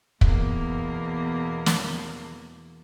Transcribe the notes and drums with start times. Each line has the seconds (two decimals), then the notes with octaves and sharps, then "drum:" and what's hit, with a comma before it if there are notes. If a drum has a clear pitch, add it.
0.21 E2 B2 A#3, drum: kick
1.66 drum: snare